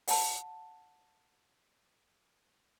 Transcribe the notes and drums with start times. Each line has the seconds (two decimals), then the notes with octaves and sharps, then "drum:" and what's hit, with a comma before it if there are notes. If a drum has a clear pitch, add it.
0.08 F#5 A5, drum: open hi-hat